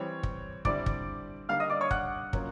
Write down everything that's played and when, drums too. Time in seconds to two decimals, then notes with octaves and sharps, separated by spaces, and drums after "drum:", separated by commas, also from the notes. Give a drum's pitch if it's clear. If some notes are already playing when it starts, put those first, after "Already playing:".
Already playing: E3 G3 C4 C#5
0.23 drum: kick
0.65 D3 G3 C4 E4 D5 D6, drum: kick
0.86 drum: kick
1.49 D3 G3 A#3 D#4 F5 F6
1.60 D#5 D#6
1.70 D5 D6
1.81 C#5 C#6
1.91 F#5 F#6, drum: kick
2.33 F#3 A#3 C#4 F4, drum: kick